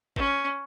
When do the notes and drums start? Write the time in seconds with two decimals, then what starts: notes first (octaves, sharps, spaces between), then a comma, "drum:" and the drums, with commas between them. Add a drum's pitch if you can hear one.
0.16 C#4, drum: kick G#1